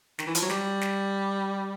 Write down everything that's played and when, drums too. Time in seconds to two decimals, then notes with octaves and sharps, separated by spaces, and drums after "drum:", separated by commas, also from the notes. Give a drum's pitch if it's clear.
0.19 D#3, drum: snare
0.27 E3
0.35 F3, drum: hi-hat
0.42 F#3
0.50 G3, drum: snare
0.81 drum: snare